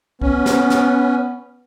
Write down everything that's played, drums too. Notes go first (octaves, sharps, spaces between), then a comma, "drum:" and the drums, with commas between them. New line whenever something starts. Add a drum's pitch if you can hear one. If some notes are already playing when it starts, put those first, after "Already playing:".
B3 C#4, drum: kick
drum: snare
drum: snare